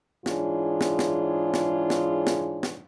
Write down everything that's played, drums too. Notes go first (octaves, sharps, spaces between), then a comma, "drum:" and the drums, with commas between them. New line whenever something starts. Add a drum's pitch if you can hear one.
G#2 E3 D4 F4 G#4 C#5, drum: snare
drum: snare
drum: snare
drum: snare
drum: snare
drum: snare
drum: snare